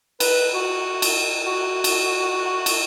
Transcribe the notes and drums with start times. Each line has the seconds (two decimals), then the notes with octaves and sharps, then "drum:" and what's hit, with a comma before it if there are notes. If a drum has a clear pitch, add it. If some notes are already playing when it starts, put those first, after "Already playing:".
0.20 B4, drum: cymbal
0.54 F#4
1.02 drum: cymbal
1.45 F#4
1.84 drum: cymbal
2.66 drum: cymbal